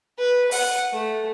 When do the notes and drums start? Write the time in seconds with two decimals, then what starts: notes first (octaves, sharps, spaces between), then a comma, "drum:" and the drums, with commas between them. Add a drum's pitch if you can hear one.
0.18 B4
0.51 F#5, drum: open hi-hat
0.92 A3